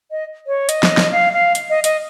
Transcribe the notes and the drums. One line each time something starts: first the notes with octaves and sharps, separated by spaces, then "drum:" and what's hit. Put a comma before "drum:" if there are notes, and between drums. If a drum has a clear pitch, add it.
D#5
C#5
D#5, drum: hi-hat
drum: snare
drum: snare
F5
F5
drum: hi-hat
D#5
D#5, drum: hi-hat